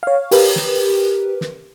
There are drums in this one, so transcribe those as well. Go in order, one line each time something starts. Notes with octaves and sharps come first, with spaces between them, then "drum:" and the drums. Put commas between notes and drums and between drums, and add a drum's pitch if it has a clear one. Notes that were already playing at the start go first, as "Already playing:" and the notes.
C#5 F5
G4 A#4 B4, drum: open hi-hat
drum: snare
drum: snare